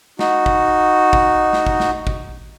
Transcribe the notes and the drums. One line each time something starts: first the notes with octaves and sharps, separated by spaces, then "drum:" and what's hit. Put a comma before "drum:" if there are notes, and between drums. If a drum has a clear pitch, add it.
D#4 F#4, drum: snare
drum: kick
drum: kick
drum: snare
drum: kick
drum: snare
drum: kick